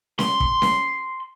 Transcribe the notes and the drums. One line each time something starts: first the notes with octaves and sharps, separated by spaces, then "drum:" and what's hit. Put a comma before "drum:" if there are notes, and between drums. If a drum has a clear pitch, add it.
C6, drum: snare C#4
drum: kick
drum: snare C#4